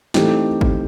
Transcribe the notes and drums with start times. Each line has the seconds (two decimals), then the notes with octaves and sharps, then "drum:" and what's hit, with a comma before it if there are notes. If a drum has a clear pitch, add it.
0.14 E3 A3 C4 D#4 G4, drum: snare
0.61 drum: kick G#1